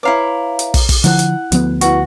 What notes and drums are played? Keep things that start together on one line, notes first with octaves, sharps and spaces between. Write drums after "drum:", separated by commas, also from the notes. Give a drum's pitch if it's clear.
E4 B4 C#5 F5 A#5 D6
drum: hi-hat
drum: kick, open hi-hat
drum: kick, open hi-hat
D3 F3 E4 F#5 F#6, drum: hi-hat
drum: hi-hat
D2 F3 B3, drum: hi-hat
E4 F#4 B4 C#6, drum: hi-hat